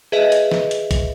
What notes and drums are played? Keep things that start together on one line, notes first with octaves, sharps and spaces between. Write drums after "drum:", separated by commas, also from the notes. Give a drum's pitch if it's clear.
G#4 B4 D#5 E5
drum: hi-hat
drum: snare
drum: hi-hat
drum: kick A1, hi-hat